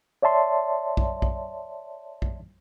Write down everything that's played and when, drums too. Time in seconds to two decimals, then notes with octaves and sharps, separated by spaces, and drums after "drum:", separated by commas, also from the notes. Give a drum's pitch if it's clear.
0.22 C#5 D5 E5 A5 C6
0.97 drum: kick A#1
1.22 drum: kick A#1
2.22 drum: kick A#1